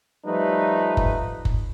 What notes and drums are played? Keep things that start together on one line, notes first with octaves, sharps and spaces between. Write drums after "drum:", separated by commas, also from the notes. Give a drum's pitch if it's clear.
F3 G3 A3 D#4 B4
drum: kick F#1
drum: kick F#1